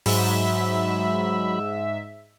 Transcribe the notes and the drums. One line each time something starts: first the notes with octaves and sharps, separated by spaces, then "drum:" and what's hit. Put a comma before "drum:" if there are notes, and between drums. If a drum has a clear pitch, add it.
G#2 F#3 E5 B5, drum: open hi-hat